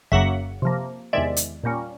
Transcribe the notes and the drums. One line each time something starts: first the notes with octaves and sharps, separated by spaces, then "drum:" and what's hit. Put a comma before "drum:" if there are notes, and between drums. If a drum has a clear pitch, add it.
F#2 C#3 F#3 A#3 E5 F#5, drum: kick
C3 F3 A#3
E2 C3 D#3 G#3 D5 E5
drum: hi-hat
A#2 G3 A#3 C#4